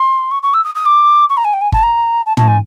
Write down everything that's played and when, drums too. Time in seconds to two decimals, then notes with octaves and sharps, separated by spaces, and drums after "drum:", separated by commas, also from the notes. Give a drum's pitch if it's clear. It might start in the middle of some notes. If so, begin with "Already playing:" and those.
Already playing: C6
0.31 C#6
0.43 C#6
0.54 E6
0.64 D#6
0.75 D#6
0.86 D6
1.30 C#6
1.37 A#5
1.45 G#5
1.53 G5
1.61 G#5
1.72 A5, drum: kick G1
1.83 A#5
2.26 A5
2.37 A5, drum: tom
2.48 G#5